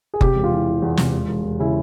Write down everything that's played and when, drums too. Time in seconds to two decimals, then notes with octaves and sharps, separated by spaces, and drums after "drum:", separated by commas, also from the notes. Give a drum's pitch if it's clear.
0.14 G#4
0.21 C3 G4, drum: kick F#1
0.36 E1
0.44 F4
0.51 E3
0.67 E3
0.82 E2
0.97 C3, drum: snare
1.13 E1
1.29 E1
1.44 E1
1.59 C#3 E4